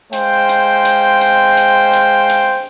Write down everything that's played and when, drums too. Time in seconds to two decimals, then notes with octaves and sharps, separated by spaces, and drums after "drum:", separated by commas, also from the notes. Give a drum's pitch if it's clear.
0.13 G#3 C5 F5 G5, drum: hi-hat
0.49 drum: hi-hat
0.85 drum: hi-hat
1.21 drum: hi-hat
1.57 drum: hi-hat
1.94 drum: hi-hat
2.30 drum: hi-hat